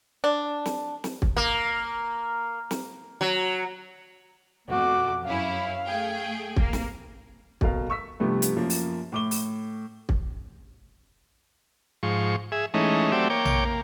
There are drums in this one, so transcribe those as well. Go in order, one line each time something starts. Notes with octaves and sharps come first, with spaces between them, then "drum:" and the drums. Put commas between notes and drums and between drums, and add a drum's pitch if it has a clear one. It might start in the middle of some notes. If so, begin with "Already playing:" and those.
D4
drum: snare
drum: snare
drum: kick
A#3
drum: snare
F#3
F2 B2 A3 F#4 D6
F#2 C#4 E4 F5
A3 G#4 G5
A#3, drum: kick
drum: snare
D#1 B2 A#4 F5, drum: kick
C#6 E6 B6
G2 C3 F3 A3 B3
drum: hi-hat
F#2 F3 A#3
drum: open hi-hat
A2 D6 G7
drum: open hi-hat
drum: kick
G#2 F3 C#6
G#4 E5
E3 G#3 A3 C#4 D#4
F#3 A3 C4 G4 D5 E5
A#3 C#5 G5 D6
drum: tom A#1
A#3